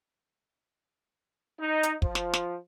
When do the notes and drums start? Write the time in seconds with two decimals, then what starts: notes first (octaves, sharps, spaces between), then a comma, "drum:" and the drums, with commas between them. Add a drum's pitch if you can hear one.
1.60 D#4
1.83 drum: hi-hat
2.02 F3, drum: kick
2.15 drum: snare
2.34 drum: snare